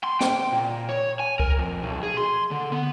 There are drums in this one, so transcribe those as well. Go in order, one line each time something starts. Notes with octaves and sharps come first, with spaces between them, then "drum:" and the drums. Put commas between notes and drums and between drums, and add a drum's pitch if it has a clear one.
C6
G5, drum: snare
A#2
C#5
G#5
A#4, drum: kick C2
F2
B1
G#4
C6
D3
B3